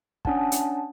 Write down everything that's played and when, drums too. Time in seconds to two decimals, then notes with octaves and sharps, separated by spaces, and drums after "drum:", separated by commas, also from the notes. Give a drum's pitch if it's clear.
0.25 C#4 D4 F#5 A5, drum: kick
0.52 drum: hi-hat